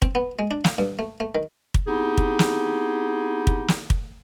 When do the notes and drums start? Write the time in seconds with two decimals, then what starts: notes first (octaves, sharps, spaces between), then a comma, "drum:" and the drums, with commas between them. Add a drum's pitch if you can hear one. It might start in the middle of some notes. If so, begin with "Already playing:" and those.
0.02 C4, drum: kick
0.15 B3
0.39 G#3
0.51 D4
0.64 F5, drum: snare
0.78 G2
0.99 A3
1.20 A3
1.35 D#3
1.74 drum: kick
1.88 B3 C4 D#4 E4 G4 G#4
2.17 drum: kick
2.39 drum: snare
3.47 drum: kick
3.68 drum: snare
3.90 drum: kick